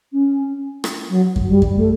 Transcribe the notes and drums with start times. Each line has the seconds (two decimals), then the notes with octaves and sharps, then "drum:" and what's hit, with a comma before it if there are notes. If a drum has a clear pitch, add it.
0.13 C#4
0.84 drum: rim click
1.09 F#3
1.36 drum: kick F#2
1.49 G3
1.62 drum: kick F#2
1.77 A3